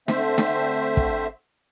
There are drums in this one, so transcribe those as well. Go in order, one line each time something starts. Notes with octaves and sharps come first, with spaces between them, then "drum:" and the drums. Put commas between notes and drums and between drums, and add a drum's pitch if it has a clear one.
D3 A3 C4 C5 E5, drum: snare
drum: snare
drum: kick